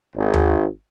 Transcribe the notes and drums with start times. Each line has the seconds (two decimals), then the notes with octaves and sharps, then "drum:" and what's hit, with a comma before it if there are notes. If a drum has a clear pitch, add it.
0.15 G#1
0.34 drum: tom D#2